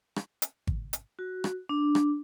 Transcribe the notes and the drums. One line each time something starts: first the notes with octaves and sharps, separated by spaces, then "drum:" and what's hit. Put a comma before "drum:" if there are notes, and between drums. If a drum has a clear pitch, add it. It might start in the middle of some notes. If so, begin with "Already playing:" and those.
drum: rim click
drum: hi-hat
drum: kick G#1
drum: hi-hat
F#4
drum: rim click
D4
drum: rim click